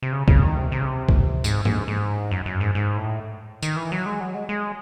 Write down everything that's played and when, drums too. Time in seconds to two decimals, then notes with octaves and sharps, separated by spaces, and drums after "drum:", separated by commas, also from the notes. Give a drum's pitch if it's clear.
0.02 C3
0.12 C#3
0.28 C#3, drum: kick
0.43 D#3
0.57 C3
0.72 C3
0.81 C#3
0.85 C3
1.09 drum: kick
1.44 G#2, drum: tambourine
1.65 G#2, drum: tom
1.88 G#2
2.31 F#2
2.46 F#2
2.60 G#2
2.75 G#2
2.97 A2
3.62 D#3, drum: tambourine
3.76 E3
3.92 F#3
4.06 G#3
4.20 F#3
4.35 G#3
4.49 G#3